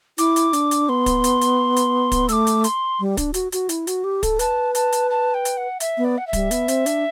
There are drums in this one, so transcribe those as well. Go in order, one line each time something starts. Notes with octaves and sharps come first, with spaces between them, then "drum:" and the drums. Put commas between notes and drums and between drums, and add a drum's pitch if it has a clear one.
E4 D6, drum: hi-hat
drum: hi-hat
D4, drum: hi-hat
drum: hi-hat
B3 C6
drum: kick, hi-hat
drum: hi-hat
drum: hi-hat
drum: hi-hat
drum: kick, hi-hat
A3 D6 E6, drum: hi-hat
drum: hi-hat
C6, drum: hi-hat
G3
D4, drum: kick, hi-hat
F#4, drum: hi-hat
F#4, drum: hi-hat
E4, drum: hi-hat
F#4, drum: hi-hat
G4
A4, drum: kick, hi-hat
B4 A5, drum: hi-hat
A5, drum: hi-hat
drum: hi-hat
A5
G5
drum: hi-hat
F#5
E5, drum: hi-hat
B3
D5
F#5
E5
G3, drum: kick, hi-hat
B3, drum: hi-hat
C4, drum: hi-hat
D4, drum: hi-hat